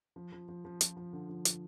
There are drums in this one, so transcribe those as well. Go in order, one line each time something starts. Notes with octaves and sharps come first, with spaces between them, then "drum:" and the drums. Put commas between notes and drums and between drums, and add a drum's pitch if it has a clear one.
F3
F3
F3
F3
F3, drum: hi-hat
F3
D3
F3
drum: hi-hat